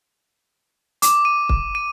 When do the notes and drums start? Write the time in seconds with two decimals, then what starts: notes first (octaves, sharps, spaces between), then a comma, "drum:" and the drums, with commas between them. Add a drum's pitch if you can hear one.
1.02 D6, drum: hi-hat
1.25 D#7
1.49 drum: kick
1.75 D#7